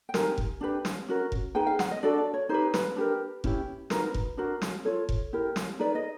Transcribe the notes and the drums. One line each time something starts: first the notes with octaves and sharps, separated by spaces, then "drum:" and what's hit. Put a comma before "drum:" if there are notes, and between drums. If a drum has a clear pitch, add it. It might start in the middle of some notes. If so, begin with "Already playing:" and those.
G5
D#4 G4 A#4 G#5, drum: snare
drum: kick F1
D4 G4 B4
drum: snare
C#4 F#4 A#4
drum: kick F1
D#4 G#4 B4 G5
F5
F#5, drum: snare
D#5
D4 F#4 A4 D5
D5
C#5
D#4 G4 B4 C5
B4, drum: snare
D4 G4 A#4
C#4 E4 G4, drum: kick F1
D#4 F#4 A#4 B4, drum: snare
drum: kick F1
D4 F#4 A#4 C5
drum: snare
F4 A4 C#5
drum: kick F1
E4 G4 A#4
drum: snare
D#4 G#4 B4 D5
D#5